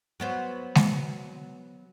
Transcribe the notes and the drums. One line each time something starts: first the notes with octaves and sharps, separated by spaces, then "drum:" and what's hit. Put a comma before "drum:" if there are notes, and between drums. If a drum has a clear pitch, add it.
F#3 B3 C5
drum: snare G#3